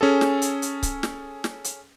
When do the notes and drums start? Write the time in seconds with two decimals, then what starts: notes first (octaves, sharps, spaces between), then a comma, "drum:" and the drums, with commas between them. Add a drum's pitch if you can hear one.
0.01 C#4 G#4 A4
0.21 drum: snare
0.42 drum: hi-hat
0.62 drum: hi-hat
0.83 drum: kick C#1, hi-hat
1.03 drum: snare
1.44 drum: snare
1.64 drum: hi-hat